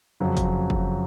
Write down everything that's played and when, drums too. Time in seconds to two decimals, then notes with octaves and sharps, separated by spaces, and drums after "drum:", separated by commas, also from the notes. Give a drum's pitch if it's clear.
0.20 F2 C#3 F#3
0.37 drum: kick, hi-hat
0.70 drum: kick